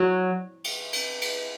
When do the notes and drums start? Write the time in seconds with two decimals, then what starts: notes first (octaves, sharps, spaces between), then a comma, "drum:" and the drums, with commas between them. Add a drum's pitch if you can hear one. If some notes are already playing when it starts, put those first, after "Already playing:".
Already playing: F#3
0.64 drum: cymbal
0.93 drum: cymbal
1.21 drum: cymbal